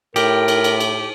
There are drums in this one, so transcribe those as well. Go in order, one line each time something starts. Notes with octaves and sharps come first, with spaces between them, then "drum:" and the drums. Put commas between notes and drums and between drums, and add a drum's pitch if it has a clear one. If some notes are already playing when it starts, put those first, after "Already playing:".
A2 G4 A#4, drum: cymbal
drum: cymbal
drum: cymbal
drum: cymbal